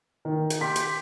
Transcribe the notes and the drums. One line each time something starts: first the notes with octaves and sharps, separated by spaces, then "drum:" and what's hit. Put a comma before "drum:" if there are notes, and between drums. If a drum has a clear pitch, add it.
D#3
drum: hi-hat
G4 C6 B6
drum: hi-hat